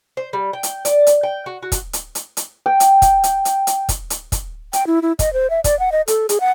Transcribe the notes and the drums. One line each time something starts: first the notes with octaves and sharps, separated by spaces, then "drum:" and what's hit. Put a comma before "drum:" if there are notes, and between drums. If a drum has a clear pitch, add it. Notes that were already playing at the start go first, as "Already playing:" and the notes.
C5
G3
G5
drum: hi-hat
D5, drum: hi-hat
drum: hi-hat
G5
F#4
F#4
drum: kick, hi-hat
drum: hi-hat
drum: hi-hat
drum: hi-hat
G5
drum: hi-hat
drum: kick, hi-hat
drum: hi-hat
drum: hi-hat
drum: hi-hat
drum: kick, hi-hat
drum: hi-hat
drum: kick, hi-hat
G5, drum: hi-hat
E4
E4
D#5, drum: kick, hi-hat
C5
E5
D5, drum: kick, hi-hat
F#5
D#5
A4, drum: hi-hat
G#4, drum: hi-hat
F#5